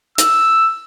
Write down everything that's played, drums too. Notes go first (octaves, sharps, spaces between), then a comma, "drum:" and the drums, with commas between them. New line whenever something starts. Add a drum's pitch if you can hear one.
E6, drum: hi-hat